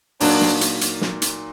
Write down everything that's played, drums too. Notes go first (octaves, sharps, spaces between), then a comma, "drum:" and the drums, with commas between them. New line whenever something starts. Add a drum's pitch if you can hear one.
A#2 F#3 A#3 D4 D#4 F#4, drum: open hi-hat
drum: snare
drum: hi-hat
drum: hi-hat
drum: snare
drum: hi-hat